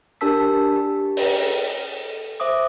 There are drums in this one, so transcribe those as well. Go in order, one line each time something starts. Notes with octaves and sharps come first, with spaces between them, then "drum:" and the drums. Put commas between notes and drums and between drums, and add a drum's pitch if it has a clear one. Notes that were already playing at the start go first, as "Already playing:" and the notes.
D4 G4 A#4 A5 E6 B6
G4
drum: open hi-hat
A4
C5 E5 D6 D#6